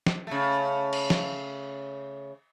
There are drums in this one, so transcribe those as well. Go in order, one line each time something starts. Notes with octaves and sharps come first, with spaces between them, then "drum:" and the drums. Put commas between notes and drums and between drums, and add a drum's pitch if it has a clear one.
drum: snare
C#3 A3
drum: cymbal
drum: snare